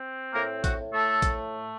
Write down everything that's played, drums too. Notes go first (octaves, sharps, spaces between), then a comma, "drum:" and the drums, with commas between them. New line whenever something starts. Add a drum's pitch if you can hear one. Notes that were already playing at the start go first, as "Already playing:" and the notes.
Already playing: C4
A2 A#3 A#4
F#4, drum: kick, hi-hat
A2
A3 A4
A3, drum: kick, hi-hat